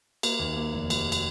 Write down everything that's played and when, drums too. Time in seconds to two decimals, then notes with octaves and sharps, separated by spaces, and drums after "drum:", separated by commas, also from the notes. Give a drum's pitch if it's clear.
0.23 A#3, drum: cymbal
0.39 D#2
0.56 A#3
0.73 F1
0.90 F1, drum: cymbal
1.12 drum: cymbal